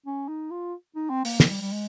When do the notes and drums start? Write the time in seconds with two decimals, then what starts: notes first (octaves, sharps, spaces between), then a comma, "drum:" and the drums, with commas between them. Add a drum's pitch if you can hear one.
0.06 C#4
0.28 D#4
0.51 F4
0.96 D#4
1.10 C4
1.25 A#3, drum: open hi-hat
1.40 F3, drum: snare
1.51 G3
1.61 G3
1.72 G#3